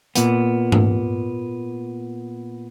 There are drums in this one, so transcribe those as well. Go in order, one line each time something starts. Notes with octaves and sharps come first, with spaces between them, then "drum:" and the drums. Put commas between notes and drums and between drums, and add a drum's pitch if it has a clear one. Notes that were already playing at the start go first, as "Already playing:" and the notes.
A#2 B3, drum: hi-hat
drum: tom G#2